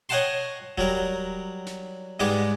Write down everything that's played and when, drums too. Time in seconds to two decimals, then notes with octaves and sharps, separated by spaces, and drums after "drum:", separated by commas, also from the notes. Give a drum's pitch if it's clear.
0.09 C#5 D#5 F#5 G5 A5 C6
0.78 F#3 G3 A#4, drum: kick D1
1.66 drum: snare
2.20 G#2 G3 G#3 B3 D5 D6